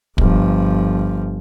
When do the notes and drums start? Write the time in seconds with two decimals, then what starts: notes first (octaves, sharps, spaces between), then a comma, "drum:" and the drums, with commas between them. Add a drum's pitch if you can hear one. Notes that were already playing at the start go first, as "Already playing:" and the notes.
0.18 G1 F3, drum: kick